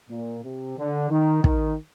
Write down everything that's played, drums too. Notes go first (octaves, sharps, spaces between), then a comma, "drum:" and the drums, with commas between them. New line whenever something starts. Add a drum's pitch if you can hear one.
A#2
C3
D3
D#3
D#3, drum: kick